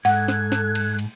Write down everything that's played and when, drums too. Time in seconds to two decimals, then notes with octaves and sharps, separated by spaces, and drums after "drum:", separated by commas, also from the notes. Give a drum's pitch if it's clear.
0.05 G#2 A4 F#5 F#6 G#6, drum: cymbal
0.28 drum: snare
0.52 drum: snare
0.75 drum: cymbal
0.99 drum: cymbal